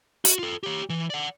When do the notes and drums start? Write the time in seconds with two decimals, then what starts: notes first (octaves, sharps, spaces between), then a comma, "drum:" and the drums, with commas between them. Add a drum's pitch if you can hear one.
0.25 F#4, drum: hi-hat
0.39 F4 A4
0.63 G4 C#5
0.90 E3
1.10 D5 F#5